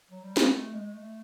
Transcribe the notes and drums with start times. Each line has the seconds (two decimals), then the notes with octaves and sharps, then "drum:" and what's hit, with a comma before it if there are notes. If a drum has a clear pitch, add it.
0.10 F#3
0.24 G3
0.37 G#3, drum: snare
0.51 A3
0.73 G#3
0.94 A3